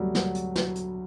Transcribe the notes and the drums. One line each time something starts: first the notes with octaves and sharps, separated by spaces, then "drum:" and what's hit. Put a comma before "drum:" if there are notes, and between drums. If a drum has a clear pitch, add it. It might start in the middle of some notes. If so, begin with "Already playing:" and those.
Already playing: D2 D3 F#3 G3 A3 F#4
F#3, drum: snare
drum: hi-hat
F#3, drum: snare
drum: hi-hat